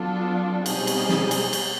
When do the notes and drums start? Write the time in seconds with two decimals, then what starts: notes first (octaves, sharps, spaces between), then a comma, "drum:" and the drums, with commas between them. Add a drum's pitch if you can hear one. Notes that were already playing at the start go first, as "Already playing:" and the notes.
Already playing: F#3 B3 D4 F4 A4
0.66 B2 G3 C4 D#4 G#4, drum: cymbal
0.87 drum: cymbal
1.09 drum: snare
1.31 drum: cymbal
1.53 drum: cymbal